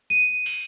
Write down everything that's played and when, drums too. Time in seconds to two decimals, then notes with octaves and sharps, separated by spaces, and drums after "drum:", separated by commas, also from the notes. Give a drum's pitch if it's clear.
0.10 D#7
0.46 drum: open hi-hat